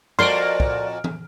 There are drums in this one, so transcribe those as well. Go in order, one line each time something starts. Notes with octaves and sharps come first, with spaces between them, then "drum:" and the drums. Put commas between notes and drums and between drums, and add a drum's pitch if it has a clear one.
F2 A#2 F#4 A#4 D5 C6 F6 D7
drum: kick
drum: tom E3